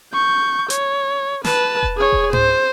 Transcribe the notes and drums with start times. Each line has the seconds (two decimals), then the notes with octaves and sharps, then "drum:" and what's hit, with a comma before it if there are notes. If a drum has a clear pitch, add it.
0.13 C#6 G6
0.70 C#5, drum: hi-hat
1.44 B4 A5, drum: snare
1.83 drum: kick E1
1.97 G#4 C#5
2.12 drum: kick E1
2.33 C5, drum: tom G#2